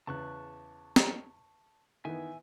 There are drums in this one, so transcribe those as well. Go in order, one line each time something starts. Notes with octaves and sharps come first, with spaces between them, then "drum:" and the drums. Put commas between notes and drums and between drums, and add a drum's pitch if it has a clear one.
E2 C#3 A5 C#6 F#6
drum: snare
D#3 E3 B3 E5 G#5